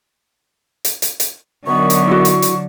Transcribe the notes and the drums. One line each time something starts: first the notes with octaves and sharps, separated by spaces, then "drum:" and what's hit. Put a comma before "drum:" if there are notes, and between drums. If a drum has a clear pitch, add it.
drum: hi-hat
drum: hi-hat
drum: hi-hat
F#2 D3 D#3 F#3 B3 C#6
drum: hi-hat
E4 F#4
drum: hi-hat
drum: hi-hat